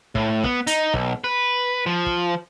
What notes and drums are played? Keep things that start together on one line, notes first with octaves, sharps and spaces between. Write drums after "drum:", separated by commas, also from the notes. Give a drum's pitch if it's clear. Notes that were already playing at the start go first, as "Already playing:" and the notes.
A2, drum: kick
B3, drum: kick
D#4, drum: hi-hat
B1, drum: kick
B4
F3
drum: kick